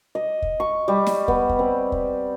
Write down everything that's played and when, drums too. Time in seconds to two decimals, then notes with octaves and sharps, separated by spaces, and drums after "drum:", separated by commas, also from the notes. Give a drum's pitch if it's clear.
0.15 D#5
0.42 drum: kick
0.60 C#6
0.88 G3
1.07 drum: snare
1.28 B3, drum: kick
1.49 drum: kick
1.59 C4
1.92 drum: kick